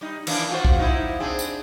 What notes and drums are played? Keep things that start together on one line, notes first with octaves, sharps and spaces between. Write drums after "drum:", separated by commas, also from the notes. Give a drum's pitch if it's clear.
G3 D#4
E3 A#3 D4, drum: cymbal
F4 F#4 C5
drum: kick B1
D#4 E4
C4 D4 G#4
drum: tambourine